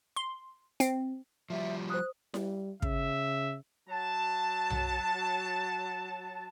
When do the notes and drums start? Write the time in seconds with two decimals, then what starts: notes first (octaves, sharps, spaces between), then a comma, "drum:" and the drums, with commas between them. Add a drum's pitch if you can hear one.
0.16 C6
0.80 C4, drum: hi-hat
1.50 F3 G3 E5
1.90 C5 D#6 F#6
2.34 G3, drum: snare E4
2.82 C#3 E5, drum: kick
3.89 F#3 A5
4.70 drum: tom B1